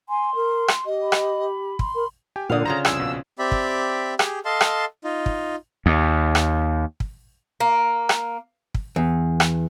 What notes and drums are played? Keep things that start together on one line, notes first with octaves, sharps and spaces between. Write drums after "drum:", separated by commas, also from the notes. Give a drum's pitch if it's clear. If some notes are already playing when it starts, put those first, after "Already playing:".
G#5 C6
A#4
drum: rim click
G4 D#5
B5
drum: rim click
C6, drum: kick
A#4 B5
G4 G5 G#5
A#2 D3 F5 F#5 D#6
C#3 F4 C5 A#5
C2 F2 G#4 E6, drum: rim click
A#1 B2 F5
C4 G4 D5 E5 B5
drum: kick
G4 G#4, drum: rim click
A4 D#5 F5 A5 C6
drum: rim click
D#4 F4
drum: kick
D#2
drum: rim click
drum: kick
A#3
drum: rim click
drum: kick
E2
drum: rim click